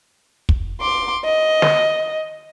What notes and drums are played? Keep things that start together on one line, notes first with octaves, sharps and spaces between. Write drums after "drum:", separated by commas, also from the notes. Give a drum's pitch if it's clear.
drum: kick
C6 D6
D#5
drum: snare